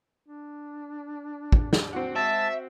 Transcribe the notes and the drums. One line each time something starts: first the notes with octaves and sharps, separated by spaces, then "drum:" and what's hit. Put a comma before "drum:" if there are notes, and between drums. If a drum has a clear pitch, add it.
D4
drum: kick
drum: snare
C4 F#4 F#5
G#3 E5 A5